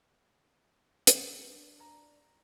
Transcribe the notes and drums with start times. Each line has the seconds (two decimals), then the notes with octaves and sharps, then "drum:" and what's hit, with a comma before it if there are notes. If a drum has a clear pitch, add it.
1.07 drum: hi-hat
1.49 D4
1.80 A#5